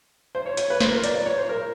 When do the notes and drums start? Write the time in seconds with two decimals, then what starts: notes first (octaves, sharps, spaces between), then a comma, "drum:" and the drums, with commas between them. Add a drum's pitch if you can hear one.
0.35 C5
0.46 C#5
0.57 C#5, drum: hi-hat
0.70 B4
0.80 C5, drum: snare
0.92 A#4
1.04 D5, drum: hi-hat
1.15 D5
1.26 C#5
1.37 C5
1.49 A#4